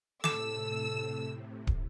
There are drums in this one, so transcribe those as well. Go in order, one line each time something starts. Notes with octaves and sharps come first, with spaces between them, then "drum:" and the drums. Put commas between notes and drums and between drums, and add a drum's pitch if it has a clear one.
A2 C3 A4 D6 E6 E7, drum: snare
drum: kick